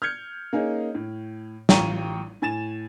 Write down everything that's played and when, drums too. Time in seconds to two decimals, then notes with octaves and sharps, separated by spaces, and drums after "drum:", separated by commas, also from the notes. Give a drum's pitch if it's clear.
0.02 F6 G6 G#6 C#7
0.53 A#3 C#4 D#4 G#4
0.95 A2
1.69 A1 F4 G5 A#5 C#6 D#7, drum: snare
2.42 A2 G#5 A6 E7